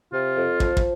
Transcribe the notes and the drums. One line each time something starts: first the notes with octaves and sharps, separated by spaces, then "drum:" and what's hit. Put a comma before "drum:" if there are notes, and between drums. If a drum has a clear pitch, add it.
C3 F4
F2
F3, drum: kick
drum: kick